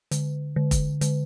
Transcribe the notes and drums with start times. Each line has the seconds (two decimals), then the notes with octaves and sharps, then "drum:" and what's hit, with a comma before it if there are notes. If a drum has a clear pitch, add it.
0.11 D3, drum: hi-hat
0.56 D3
0.71 drum: kick F1, hi-hat
1.01 D3, drum: hi-hat